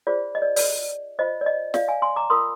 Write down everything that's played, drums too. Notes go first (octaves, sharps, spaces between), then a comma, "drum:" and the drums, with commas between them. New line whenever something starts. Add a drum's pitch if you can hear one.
F4 G#4 C5 D5
D#5
D5
D5, drum: open hi-hat
F4 C5 D#5
D5
D#5
D5 F5, drum: snare
F5 G#5
G#5 C6
A#5 D6
F4 A#4 C6 D#6